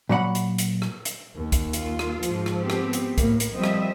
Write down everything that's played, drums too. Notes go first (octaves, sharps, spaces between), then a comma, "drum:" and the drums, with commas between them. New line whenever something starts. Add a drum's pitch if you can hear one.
A#2 F#3 F#5 B5
drum: hi-hat
drum: hi-hat
drum: rim click
drum: hi-hat
D#2
drum: kick, hi-hat
F4, drum: hi-hat
drum: rim click
G#2 F3, drum: hi-hat
drum: rim click
B3 C4 G4
drum: rim click
drum: hi-hat
A2 A#3, drum: kick, hi-hat
drum: hi-hat
F3 G3 C4 D#5 E5
drum: rim click